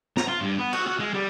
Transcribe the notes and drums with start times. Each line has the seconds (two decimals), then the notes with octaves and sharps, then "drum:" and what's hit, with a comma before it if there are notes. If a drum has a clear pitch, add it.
0.17 A#5, drum: snare
0.28 F4
0.41 G2
0.58 B3
0.73 F#4, drum: cymbal
0.87 F#4
1.00 G#3
1.14 G3